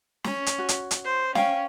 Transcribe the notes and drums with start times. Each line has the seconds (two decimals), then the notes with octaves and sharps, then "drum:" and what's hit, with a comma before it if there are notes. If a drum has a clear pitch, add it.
0.24 C#4, drum: snare
0.46 drum: hi-hat
0.59 F#4
0.69 drum: hi-hat
0.91 drum: hi-hat
1.04 C5
1.35 C#4 F5 G5, drum: snare